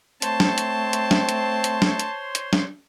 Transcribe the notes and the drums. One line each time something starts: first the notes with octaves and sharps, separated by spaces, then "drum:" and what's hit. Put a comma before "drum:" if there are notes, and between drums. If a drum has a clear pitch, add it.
A3 C4 C5 C#5 A5 C6, drum: hi-hat
drum: snare
drum: hi-hat
drum: hi-hat
drum: snare
drum: hi-hat
drum: hi-hat
drum: snare
drum: hi-hat
drum: hi-hat
drum: snare